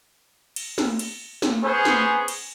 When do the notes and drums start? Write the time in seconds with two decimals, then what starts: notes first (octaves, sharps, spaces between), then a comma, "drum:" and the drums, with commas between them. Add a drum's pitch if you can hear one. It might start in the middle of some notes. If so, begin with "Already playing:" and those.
0.56 drum: cymbal
0.78 drum: snare
0.99 drum: cymbal
1.42 drum: snare
1.64 B3 C#4 G#4 C5
1.85 drum: snare
2.28 drum: cymbal